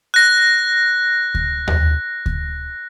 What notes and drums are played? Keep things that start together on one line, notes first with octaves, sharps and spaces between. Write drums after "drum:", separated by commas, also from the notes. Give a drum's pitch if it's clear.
F#6 A#6
drum: kick D2
drum: tom D#2
drum: kick D2